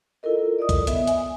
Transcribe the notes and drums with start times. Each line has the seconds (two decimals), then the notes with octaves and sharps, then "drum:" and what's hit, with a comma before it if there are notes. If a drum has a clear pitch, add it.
0.23 E4 F4 A4 A#4 D#5
0.59 D5 D#5 D#6
0.69 drum: kick, hi-hat
0.87 B3 E5, drum: hi-hat
1.07 G#5, drum: hi-hat